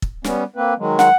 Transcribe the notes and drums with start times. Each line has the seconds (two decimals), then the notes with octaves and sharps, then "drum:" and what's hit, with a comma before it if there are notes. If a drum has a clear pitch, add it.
0.02 drum: kick
0.24 G3 B3 C#4, drum: snare
0.56 A#3 C4 B4
0.78 D#3 F#3 G#3
0.99 F#5, drum: snare